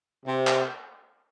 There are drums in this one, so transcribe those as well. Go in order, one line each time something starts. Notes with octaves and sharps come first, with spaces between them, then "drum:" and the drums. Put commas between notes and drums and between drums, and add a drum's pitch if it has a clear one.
C3
drum: clap